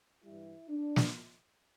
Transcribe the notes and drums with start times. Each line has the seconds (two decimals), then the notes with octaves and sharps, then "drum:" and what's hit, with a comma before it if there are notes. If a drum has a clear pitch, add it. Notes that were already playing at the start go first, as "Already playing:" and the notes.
0.23 G2 E3 G3 E4
0.68 D4
0.96 drum: snare